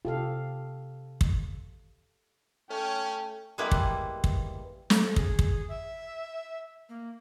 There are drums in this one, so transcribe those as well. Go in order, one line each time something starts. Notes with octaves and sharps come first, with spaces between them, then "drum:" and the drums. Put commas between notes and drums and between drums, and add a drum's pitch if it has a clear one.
C3 F4 G4 A4 F5
drum: kick
A3 C#4 G5
G3 G#3 A#3 B3 E4 B4
drum: kick
drum: kick
A4, drum: snare
G#4, drum: kick
drum: kick
E5
A#3